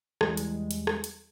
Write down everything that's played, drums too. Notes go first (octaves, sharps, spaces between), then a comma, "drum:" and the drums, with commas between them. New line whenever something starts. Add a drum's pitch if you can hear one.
E2 G3 G#3, drum: rim click
drum: hi-hat
drum: hi-hat
drum: rim click
drum: hi-hat